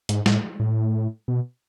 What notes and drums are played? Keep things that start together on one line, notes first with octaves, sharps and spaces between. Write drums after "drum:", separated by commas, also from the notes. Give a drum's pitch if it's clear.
G#2, drum: hi-hat
A2, drum: snare
A2
B2